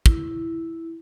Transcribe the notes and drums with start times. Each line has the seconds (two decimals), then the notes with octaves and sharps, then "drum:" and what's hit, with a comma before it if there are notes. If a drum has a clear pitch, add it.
0.06 E4, drum: kick